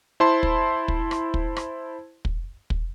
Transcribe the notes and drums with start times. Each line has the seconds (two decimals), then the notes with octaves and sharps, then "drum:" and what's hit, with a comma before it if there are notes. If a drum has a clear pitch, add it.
0.20 E4 C5 A5 C6
0.43 drum: kick
0.88 drum: kick
1.11 drum: rim click
1.34 drum: kick
1.56 drum: rim click
2.25 drum: kick
2.70 drum: kick